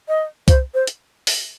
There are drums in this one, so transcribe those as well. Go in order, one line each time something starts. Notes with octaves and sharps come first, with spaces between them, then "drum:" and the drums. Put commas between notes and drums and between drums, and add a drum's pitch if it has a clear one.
D#5
C5, drum: kick C2, hi-hat
C5
drum: hi-hat
drum: open hi-hat